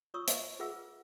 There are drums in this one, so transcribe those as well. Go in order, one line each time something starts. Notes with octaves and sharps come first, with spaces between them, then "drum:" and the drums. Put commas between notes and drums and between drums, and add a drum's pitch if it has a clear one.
F4 C#5 C#6 D#6 E6
drum: hi-hat
F4 G#4 B4 E5 F#5 E6